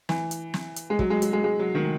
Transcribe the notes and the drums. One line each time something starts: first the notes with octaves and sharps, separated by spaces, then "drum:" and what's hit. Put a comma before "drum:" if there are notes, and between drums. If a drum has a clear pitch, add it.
E3, drum: snare
drum: hi-hat
drum: snare
drum: hi-hat
G#3
F#3, drum: kick
G#3
F#3, drum: hi-hat
G#3
G#3
F#3
D#3